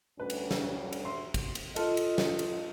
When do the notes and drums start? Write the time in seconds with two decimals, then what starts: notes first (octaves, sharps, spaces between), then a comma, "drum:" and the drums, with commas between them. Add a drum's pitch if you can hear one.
0.20 D2 G3 C#4 B4
0.30 drum: cymbal
0.51 drum: snare
0.93 drum: cymbal
1.05 E5 C6
1.34 drum: kick, cymbal
1.55 drum: cymbal
1.76 F4 A4 D#5, drum: cymbal
1.97 drum: cymbal
2.18 drum: snare
2.39 drum: cymbal